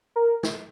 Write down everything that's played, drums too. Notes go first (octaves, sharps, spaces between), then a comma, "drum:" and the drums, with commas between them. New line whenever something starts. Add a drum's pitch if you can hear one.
A#4
drum: snare